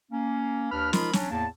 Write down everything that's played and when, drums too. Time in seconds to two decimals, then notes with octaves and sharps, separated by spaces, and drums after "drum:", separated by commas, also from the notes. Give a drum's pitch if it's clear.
0.12 A#3 C#4
0.71 D#2 D4 B4 B5 F6
0.93 F3 G#3 D#4 F4 A#4 B5, drum: snare
1.13 F#3 C#4 D4, drum: snare
1.31 E2 A2 A#3 A5